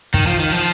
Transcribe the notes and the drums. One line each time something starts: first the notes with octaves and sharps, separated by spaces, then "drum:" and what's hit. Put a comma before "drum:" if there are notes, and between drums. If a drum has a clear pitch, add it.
D#3, drum: kick, hi-hat
F3
D#3
F3